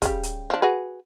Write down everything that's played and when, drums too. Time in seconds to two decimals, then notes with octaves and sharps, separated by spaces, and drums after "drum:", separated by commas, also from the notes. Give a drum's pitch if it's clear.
0.02 C#3 F3 G3, drum: kick, hi-hat
0.23 drum: hi-hat
0.50 F3 D4
0.62 F#4 G#4 B4